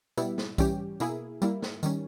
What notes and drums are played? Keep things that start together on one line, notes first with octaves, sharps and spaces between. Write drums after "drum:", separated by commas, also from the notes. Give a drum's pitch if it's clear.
B2 G3 B3 E4, drum: tambourine
drum: snare
E3 G3 C#4 G4, drum: kick B1, tambourine
B2 A#3 E4 G#4, drum: tambourine
G3 A#3 E4, drum: tambourine
drum: snare
D#3 G3 C#4, drum: tambourine